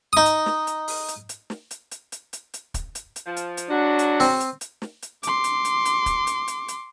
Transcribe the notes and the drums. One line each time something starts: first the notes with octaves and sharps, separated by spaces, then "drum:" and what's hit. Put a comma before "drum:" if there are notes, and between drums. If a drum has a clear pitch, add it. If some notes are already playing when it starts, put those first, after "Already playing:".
D#4 D#6
drum: hi-hat
drum: snare
drum: hi-hat
drum: open hi-hat
drum: hi-hat
drum: hi-hat
drum: snare
drum: hi-hat
drum: hi-hat
drum: hi-hat
drum: hi-hat
drum: hi-hat
drum: kick, hi-hat
drum: hi-hat
drum: hi-hat
F3
drum: hi-hat
drum: hi-hat
F#3 G#3 D4 F#4
drum: hi-hat
C4, drum: open hi-hat
drum: hi-hat
drum: hi-hat
drum: snare
drum: hi-hat
C6 D6, drum: hi-hat
drum: hi-hat
drum: hi-hat
drum: hi-hat
drum: kick, hi-hat
drum: hi-hat
drum: hi-hat
drum: hi-hat